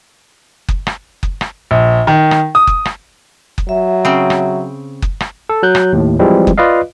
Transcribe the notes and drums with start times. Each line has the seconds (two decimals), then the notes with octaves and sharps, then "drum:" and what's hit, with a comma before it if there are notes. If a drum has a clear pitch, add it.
0.68 drum: kick F#1
0.87 drum: rim click
1.23 drum: kick F#1
1.41 drum: rim click
1.71 A#1
2.07 D#3
2.31 drum: rim click
2.55 D#6
2.67 drum: kick F#1
2.85 drum: rim click
3.58 drum: kick F#1
3.69 F#3 E5
4.05 C#3 C4
4.30 drum: rim click
5.02 drum: kick F#1
5.20 drum: rim click
5.49 A4
5.63 F#3 F#6 G6
5.75 drum: rim click
5.93 D#2 A2
6.19 E3 F3 G3 G#3 C4
6.47 drum: kick F#1
6.58 F4 B4 D5 D#5 F5